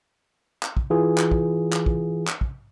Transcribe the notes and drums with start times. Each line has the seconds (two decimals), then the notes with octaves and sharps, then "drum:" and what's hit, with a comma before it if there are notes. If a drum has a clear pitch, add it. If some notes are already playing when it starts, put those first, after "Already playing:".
0.63 drum: clap
0.77 drum: kick
0.90 E3 F4 G#4
1.18 drum: clap
1.31 drum: kick
1.73 drum: clap
1.86 drum: kick
2.28 drum: clap
2.41 drum: kick